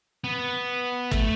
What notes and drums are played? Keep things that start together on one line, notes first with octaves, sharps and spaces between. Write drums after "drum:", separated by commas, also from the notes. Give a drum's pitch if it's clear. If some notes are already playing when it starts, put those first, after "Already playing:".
B3
A3, drum: kick